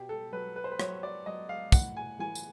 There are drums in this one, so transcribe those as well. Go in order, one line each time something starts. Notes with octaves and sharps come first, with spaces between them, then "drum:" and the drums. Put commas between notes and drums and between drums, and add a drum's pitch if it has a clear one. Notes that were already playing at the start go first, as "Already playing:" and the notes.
Already playing: B2 G4
A4
F#3 B4
B4
C5
B4
F#3 C#5, drum: rim click
D5
F#3 D#5
F5
A2 F#5, drum: kick, tambourine
G#5
E3 G#5
drum: tambourine